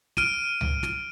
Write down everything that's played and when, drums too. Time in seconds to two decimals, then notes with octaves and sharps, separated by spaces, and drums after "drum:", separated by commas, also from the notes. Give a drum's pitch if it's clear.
0.17 F6 D7 D#7, drum: snare
0.61 drum: tom C#2
0.83 drum: snare